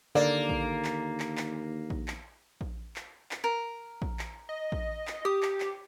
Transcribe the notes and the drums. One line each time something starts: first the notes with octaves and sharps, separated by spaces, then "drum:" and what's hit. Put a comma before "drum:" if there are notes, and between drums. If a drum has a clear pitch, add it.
D#2 D3 A#3 D5
drum: kick A#1
drum: clap
drum: clap
drum: clap
drum: kick A#1
drum: clap
drum: kick A#1
drum: clap
drum: clap
A#4
drum: kick A#1
drum: clap
D#5
drum: kick A#1
drum: clap
G4 D#6
drum: clap
drum: clap